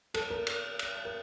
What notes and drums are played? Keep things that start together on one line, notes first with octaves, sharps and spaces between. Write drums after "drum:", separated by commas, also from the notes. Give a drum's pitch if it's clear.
A4, drum: cymbal
A#4
drum: cymbal
drum: cymbal
A#4